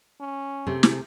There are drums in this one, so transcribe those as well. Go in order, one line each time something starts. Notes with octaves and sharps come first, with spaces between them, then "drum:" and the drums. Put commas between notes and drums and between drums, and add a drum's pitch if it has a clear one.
C#4
C3 A3 G#4
drum: snare